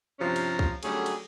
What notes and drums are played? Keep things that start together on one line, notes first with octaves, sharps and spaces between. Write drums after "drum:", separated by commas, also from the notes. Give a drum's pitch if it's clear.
G2 C3 F3 C4 C#4 A#5
drum: cymbal
drum: kick
D3 F#3 G3 A3 C#4 G#4, drum: cymbal
drum: cymbal